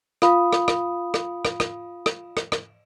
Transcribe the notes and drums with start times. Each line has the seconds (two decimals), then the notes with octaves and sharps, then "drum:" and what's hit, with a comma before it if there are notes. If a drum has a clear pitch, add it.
0.22 F4 F5 B5 D#6, drum: rim click
0.53 drum: rim click
0.68 drum: rim click
1.14 drum: rim click
1.45 drum: rim click
1.60 drum: rim click
2.06 drum: rim click
2.37 drum: rim click
2.52 drum: rim click